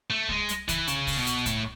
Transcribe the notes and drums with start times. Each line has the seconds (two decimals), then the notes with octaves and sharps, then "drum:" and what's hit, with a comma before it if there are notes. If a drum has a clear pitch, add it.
0.10 A3
0.29 G#3, drum: kick C2
0.49 drum: hi-hat
0.68 E3, drum: kick C2, hi-hat
0.87 C#3, drum: hi-hat
1.07 drum: kick C2, open hi-hat
1.17 B2
1.27 drum: hi-hat
1.46 A2, drum: kick C2, hi-hat